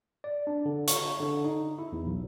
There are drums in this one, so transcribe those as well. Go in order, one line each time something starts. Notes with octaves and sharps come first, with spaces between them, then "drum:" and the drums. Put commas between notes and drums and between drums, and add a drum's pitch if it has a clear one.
D5
D4
D3
C#6, drum: hi-hat
D3
D#4
E4
E2
B1